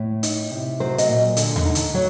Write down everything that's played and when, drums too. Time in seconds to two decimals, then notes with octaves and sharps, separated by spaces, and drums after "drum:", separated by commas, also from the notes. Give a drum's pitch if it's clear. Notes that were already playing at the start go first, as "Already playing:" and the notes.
Already playing: A2
0.23 D#4, drum: hi-hat
0.51 C3
0.80 F#3 C5
0.98 D#5, drum: hi-hat
1.08 A#2
1.37 D3, drum: hi-hat
1.56 drum: tom D#2
1.65 D#4
1.75 drum: hi-hat
1.94 F#3